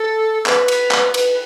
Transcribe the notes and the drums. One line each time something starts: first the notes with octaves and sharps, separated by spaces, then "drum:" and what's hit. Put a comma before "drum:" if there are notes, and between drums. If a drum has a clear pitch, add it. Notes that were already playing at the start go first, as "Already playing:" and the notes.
Already playing: A4
B4, drum: clap
drum: cymbal
drum: clap
B4, drum: cymbal